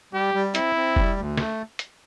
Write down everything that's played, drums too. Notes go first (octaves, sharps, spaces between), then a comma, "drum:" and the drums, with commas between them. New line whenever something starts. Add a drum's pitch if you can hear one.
G3 G4
G3
C4 E4, drum: hi-hat
C4
G3, drum: kick F1
D2
A3, drum: snare
drum: hi-hat